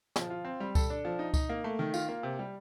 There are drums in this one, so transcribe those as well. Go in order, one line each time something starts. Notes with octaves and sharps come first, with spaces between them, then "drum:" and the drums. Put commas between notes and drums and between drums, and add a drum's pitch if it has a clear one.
F3, drum: snare
F4
C4
G3
A4, drum: kick C#2, tambourine
D4
F3
D#4
D#4, drum: kick C#2, tambourine
A#3
A3
D#3
F4, drum: tambourine
A#3
C3
G3